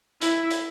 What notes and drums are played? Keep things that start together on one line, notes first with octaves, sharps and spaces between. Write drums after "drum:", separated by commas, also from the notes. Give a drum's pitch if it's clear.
E4, drum: hi-hat
drum: hi-hat